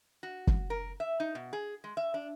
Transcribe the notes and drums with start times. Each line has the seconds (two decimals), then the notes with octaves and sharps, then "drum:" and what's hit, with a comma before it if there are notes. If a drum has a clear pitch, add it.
0.23 F#4
0.47 drum: kick
0.70 A#4
1.00 E5
1.20 D#4
1.35 B2
1.53 G#4
1.84 G#3
1.97 E5
2.14 D4